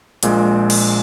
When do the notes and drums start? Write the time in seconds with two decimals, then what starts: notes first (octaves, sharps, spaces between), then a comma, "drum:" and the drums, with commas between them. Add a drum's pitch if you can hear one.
0.23 A#1 A#2 G#3, drum: hi-hat
0.70 drum: cymbal